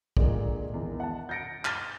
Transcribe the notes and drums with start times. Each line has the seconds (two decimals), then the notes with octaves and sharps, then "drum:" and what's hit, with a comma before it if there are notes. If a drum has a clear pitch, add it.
0.17 A#2 D3 D#3 G#3 A#3, drum: kick
0.74 E2 D#3
1.00 F#5 A5
1.29 G6 A6 A#6 C#7 D7
1.65 F6 A6 D#7 E7 G7, drum: clap